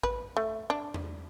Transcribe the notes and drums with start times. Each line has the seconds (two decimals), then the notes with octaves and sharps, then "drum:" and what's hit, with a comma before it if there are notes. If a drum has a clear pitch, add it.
0.03 B4, drum: kick
0.37 A3
0.70 D4
0.94 drum: tom E2